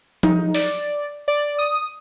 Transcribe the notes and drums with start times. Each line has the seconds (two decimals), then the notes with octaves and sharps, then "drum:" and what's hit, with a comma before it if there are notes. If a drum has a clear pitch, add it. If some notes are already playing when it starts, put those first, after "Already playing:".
0.23 D#4, drum: tom F3
0.54 D5, drum: open hi-hat
1.28 D5
1.59 D#6